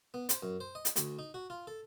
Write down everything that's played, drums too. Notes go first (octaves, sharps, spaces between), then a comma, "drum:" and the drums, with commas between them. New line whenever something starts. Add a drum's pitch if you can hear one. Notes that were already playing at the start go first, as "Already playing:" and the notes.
B3
C5, drum: hi-hat
F#2
C5
D#5
drum: hi-hat
D2, drum: hi-hat
D#4
F#4
F4
A4